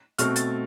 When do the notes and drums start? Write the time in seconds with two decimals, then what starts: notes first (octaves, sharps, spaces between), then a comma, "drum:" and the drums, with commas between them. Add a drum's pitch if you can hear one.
0.18 B2 A3 C4 F6, drum: hi-hat
0.36 A6, drum: hi-hat